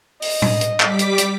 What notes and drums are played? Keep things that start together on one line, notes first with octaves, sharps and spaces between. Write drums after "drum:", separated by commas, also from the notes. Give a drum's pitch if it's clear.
D#5, drum: open hi-hat
drum: tom A2
drum: hi-hat
G3 D6 B6, drum: clap
drum: hi-hat
drum: hi-hat